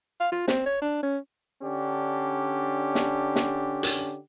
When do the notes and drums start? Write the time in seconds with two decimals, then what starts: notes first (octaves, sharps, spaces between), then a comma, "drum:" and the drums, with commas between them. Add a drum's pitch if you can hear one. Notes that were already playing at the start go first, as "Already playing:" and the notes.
0.20 F5
0.32 F4
0.48 C4, drum: snare
0.66 C#5
0.82 D4
1.03 C#4
1.62 D3 C#4 D4 G4
2.95 drum: snare
3.36 drum: snare
3.83 drum: hi-hat